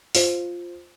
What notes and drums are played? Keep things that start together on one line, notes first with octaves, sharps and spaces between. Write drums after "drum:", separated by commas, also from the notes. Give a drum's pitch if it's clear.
F4 C5, drum: open hi-hat